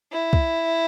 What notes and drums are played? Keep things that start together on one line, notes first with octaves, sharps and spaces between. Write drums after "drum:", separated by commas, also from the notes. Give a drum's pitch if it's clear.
E4
drum: kick